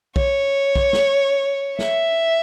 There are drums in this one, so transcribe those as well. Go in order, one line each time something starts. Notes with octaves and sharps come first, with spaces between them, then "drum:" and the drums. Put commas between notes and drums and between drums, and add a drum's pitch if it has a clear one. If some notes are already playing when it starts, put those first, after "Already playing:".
C#5, drum: kick B1
drum: kick B1
drum: snare
E5, drum: snare